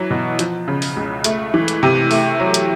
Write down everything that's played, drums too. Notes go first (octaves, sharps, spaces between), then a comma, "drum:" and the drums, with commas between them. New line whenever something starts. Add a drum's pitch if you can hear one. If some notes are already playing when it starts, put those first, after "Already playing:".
Already playing: E3 F#3
B2
F3, drum: hi-hat
C#3
drum: open hi-hat
C#2
A3, drum: hi-hat
E3
drum: hi-hat
C3
A3, drum: open hi-hat
F#3
drum: hi-hat